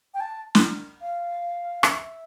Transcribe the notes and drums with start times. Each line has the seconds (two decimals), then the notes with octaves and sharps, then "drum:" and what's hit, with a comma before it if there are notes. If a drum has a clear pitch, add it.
0.14 G5
0.20 A5
0.55 drum: snare
1.02 F5
1.83 E5, drum: rim click